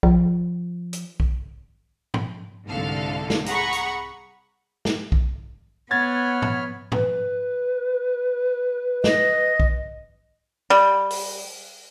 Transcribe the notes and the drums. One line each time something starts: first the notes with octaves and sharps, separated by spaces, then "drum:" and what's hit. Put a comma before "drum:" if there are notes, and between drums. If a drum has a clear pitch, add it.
F3, drum: kick B1
drum: hi-hat
drum: kick B1
drum: tom
C2 G#2 D3 A4 F5
drum: snare
G#4 F#5 A#5 B5 C#6, drum: hi-hat
drum: hi-hat
drum: snare
drum: kick B1
B3 C#5 F#5 B5 F6 G#6 A6
drum: tom
B4, drum: tom
D#5, drum: snare
drum: kick B1
G3
drum: open hi-hat